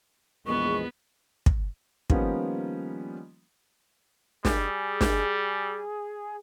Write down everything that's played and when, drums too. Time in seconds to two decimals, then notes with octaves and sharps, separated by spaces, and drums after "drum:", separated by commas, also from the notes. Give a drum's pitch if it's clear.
0.47 A#1 E2 G#3 B3 C#6
1.46 drum: kick
2.10 D#3 F3 G3 A#3 B3 C#4, drum: kick
4.45 G3 G#4, drum: snare
5.01 drum: snare